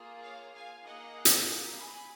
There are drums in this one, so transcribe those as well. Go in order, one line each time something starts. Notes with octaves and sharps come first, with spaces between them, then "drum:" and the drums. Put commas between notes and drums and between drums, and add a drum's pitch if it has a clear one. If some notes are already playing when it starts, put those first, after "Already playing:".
Already playing: A#3 F4 G#4
C#5 F5
F5 G#5
A#3 D#4 G#4 D#5 F#5
drum: hi-hat
G#5 B5